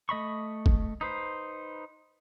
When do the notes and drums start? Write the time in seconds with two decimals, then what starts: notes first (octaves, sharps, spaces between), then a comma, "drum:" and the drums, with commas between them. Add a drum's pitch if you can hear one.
0.09 A3 D#5 B5 C#6
0.66 drum: kick
1.01 D#4 B4 C5